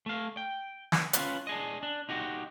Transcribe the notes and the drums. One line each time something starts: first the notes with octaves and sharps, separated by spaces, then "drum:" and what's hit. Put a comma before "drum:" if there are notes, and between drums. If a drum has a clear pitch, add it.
A3 F5
G5
drum: snare
C#4 F4 B4, drum: hi-hat
D4 G#4 D#5
D4
D#4 F#4 G4